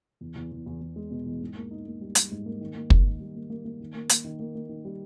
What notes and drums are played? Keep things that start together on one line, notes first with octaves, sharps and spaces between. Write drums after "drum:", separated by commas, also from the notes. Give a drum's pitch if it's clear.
E2
E2
E2
E2
E2
G#3
B2
E2
G#2
A#3
D#4
A#3
G3
G3, drum: hi-hat
G#2
A#3
D#3
A#3
D#3, drum: kick
D#3
G3
A#3
A#3
A#3
D#3
A#3
A#3, drum: hi-hat
D#3
A#3
A#3
D#3
G3